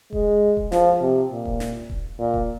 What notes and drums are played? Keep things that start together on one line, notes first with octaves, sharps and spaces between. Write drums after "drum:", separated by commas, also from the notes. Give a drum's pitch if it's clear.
G#3, drum: kick D#1
drum: kick D#1
F3, drum: snare
C3
A#2
drum: kick D#1
drum: snare
drum: kick D#1
A#2
drum: kick D#1